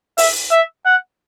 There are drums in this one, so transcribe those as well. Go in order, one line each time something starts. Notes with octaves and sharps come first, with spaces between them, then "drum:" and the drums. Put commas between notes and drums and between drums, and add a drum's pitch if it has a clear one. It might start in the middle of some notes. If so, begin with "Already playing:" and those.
E5, drum: open hi-hat
E5
F#5